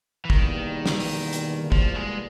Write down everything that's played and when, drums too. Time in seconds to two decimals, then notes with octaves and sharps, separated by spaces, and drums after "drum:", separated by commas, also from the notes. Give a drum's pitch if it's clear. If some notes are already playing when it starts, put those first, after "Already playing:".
0.25 E3
0.30 E2 B2 D#3 G3 A#3, drum: kick
0.86 drum: snare
1.00 drum: open hi-hat
1.33 drum: hi-hat
1.72 F3, drum: kick
1.95 G#3